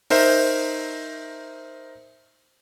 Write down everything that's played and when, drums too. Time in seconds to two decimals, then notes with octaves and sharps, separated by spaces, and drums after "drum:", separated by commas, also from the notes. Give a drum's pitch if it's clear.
0.10 D#4 A#4 C5 E5, drum: open hi-hat